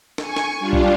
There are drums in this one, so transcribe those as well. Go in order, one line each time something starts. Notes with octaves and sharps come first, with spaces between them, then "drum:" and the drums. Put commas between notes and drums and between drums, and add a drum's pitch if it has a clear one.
G#5 C#6, drum: snare
drum: snare
G3 D4 F4
drum: kick A#1